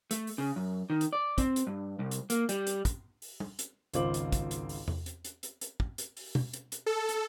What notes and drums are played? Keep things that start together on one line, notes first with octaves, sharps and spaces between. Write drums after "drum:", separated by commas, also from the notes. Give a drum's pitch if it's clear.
A3, drum: hi-hat
drum: open hi-hat
C#3
F#2
D#3
drum: hi-hat
D5
C4, drum: kick, hi-hat
drum: hi-hat
G2
C2
drum: hi-hat
A#3, drum: hi-hat
G3, drum: hi-hat
drum: hi-hat
drum: kick, hi-hat
drum: open hi-hat
drum: tom
drum: hi-hat
G#1 C#2 F4 C5 D6 F#7, drum: hi-hat
drum: hi-hat
drum: kick, hi-hat
drum: hi-hat
drum: open hi-hat
drum: tom E2
drum: hi-hat
drum: hi-hat
drum: hi-hat
drum: hi-hat
drum: kick
drum: hi-hat
drum: open hi-hat
drum: tom B2
drum: hi-hat
drum: hi-hat
A4
drum: hi-hat